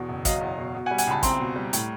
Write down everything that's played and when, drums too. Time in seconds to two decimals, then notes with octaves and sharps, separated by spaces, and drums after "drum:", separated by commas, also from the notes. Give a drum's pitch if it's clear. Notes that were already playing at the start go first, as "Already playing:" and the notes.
Already playing: E2 B2
0.09 F#1
0.25 F#3 D#5 F5, drum: kick, hi-hat
0.41 E2
0.58 B2
0.75 B2
0.86 F#5 G#5
0.91 G3
0.98 F#5 G#5, drum: hi-hat
1.07 C#2 A5 B5
1.23 C4 A#5 C6, drum: kick, hi-hat
1.40 B2
1.56 G3
1.73 A2, drum: hi-hat